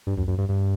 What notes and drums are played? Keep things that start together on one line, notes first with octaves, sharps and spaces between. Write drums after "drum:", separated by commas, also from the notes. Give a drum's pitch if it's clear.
G2
F#2, drum: kick C#2
F#2
G2
G2